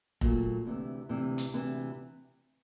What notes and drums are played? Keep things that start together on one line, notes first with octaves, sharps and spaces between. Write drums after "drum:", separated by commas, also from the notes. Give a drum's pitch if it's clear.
A#2 F#3 A3, drum: kick F1
D2 C3 E3
D2 C3 E3
drum: hi-hat
D2 C3 E3